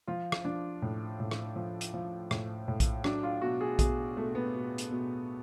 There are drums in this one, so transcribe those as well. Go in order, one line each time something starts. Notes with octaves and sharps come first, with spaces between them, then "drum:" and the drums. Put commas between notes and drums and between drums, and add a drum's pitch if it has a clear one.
F3 F4
drum: rim click
F3 D4
A2
A2
drum: rim click
F3
drum: hi-hat
F3
A2, drum: rim click
A2
drum: kick A#1, hi-hat
F#3 D4, drum: rim click
F4
B2 F#4
G#4
B2 G#4, drum: kick A#1, hi-hat
B2 A3
B3
B2
drum: hi-hat
B2